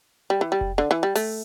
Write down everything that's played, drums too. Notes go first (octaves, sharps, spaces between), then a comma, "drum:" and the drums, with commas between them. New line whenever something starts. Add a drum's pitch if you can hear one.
G3
E3
G3
drum: kick F1
D3
E3
G3
A3, drum: open hi-hat